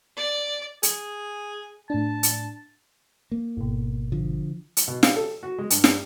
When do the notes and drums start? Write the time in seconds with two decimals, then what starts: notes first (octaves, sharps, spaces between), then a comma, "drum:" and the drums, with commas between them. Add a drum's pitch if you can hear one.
0.17 D5
0.83 G#4, drum: hi-hat
1.90 A2 D4 A5
2.23 drum: hi-hat
3.31 A#3
3.57 G#1 B2
4.12 D3 F3
4.77 drum: hi-hat
4.88 B2
5.03 F5, drum: snare
5.16 A4
5.43 F#4
5.58 G#3
5.70 G2, drum: hi-hat
5.84 G2, drum: snare